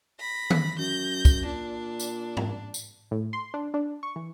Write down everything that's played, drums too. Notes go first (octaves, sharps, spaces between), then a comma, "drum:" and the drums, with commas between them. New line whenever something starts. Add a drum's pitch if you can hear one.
B5 A#6
drum: tom D#3
F#2 G6 A#6
drum: kick, tambourine
A#2 D4
drum: tambourine
drum: tom G#2
drum: tambourine
A2
C6
D4
D4
C#6
E3